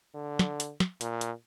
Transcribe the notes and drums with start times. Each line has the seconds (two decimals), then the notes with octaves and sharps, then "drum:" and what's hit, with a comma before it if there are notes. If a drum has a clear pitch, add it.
0.14 D3
0.39 drum: snare
0.60 drum: hi-hat
0.80 drum: snare
1.01 A#2, drum: hi-hat
1.21 drum: hi-hat